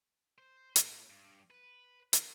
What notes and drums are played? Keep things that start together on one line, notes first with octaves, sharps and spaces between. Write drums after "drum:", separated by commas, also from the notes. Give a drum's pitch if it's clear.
C5
A2, drum: hi-hat
G2
B4
D#3, drum: hi-hat